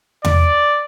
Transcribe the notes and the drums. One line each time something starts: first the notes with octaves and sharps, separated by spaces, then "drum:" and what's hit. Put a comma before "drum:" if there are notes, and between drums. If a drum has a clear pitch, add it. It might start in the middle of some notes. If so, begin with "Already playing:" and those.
D5, drum: tom E2